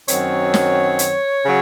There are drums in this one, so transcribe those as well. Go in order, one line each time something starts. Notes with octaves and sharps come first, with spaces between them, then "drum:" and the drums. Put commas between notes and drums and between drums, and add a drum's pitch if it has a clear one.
F#2 D#3 F#3 C4 C#5, drum: hi-hat
drum: snare
drum: hi-hat
C#3 F#3